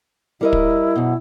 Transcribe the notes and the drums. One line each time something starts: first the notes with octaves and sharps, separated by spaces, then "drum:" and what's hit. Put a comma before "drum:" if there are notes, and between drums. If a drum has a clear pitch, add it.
G3 E4 A#4 D#5
drum: kick
F#2 B2